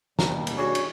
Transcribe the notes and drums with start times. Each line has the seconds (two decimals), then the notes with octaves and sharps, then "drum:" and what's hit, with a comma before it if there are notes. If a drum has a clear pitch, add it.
0.19 D#2 B2 G3 A#5, drum: snare
0.47 drum: cymbal
0.58 D4 F#4 G#4 C#5
0.75 drum: cymbal